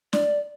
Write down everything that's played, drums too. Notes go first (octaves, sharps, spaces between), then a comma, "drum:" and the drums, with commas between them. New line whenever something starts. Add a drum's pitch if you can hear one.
D5, drum: snare